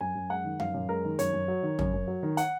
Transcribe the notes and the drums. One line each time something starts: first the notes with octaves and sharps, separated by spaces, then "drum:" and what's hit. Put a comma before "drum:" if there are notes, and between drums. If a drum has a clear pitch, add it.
F#2 G#5
F#2
G#3 F#5
D#3
F#2 F5, drum: tom
F#2
G#3 A#4
D#3
F#2 C#5, drum: hi-hat
F#2
F#3
D#3
F#2, drum: tom
F#2
F#3
D#3
F#5, drum: hi-hat